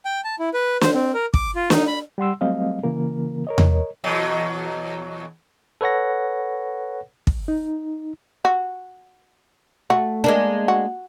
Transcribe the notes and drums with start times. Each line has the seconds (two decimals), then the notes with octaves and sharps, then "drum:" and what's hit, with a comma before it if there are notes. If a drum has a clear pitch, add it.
0.05 G5
0.24 A5
0.39 E4
0.54 B4
0.81 C5, drum: snare
0.94 C4
1.14 A#4
1.34 D6, drum: kick
1.55 F4
1.70 D#4, drum: snare
1.87 B5
2.18 G3 F#5 C6 E6
2.41 F#3 G3 A3 C4 D#5 F5
2.83 C#3 E3 A#3 A#4
3.47 A#4 C#5 D#5
3.58 drum: tom E2
4.04 E2 B2 F#3
5.81 A4 B4 C#5 F#5 A#6
7.27 drum: kick
7.48 D#4
8.45 F#4
9.90 A3 F#4
10.24 G#3 A#3 D4
10.68 F#4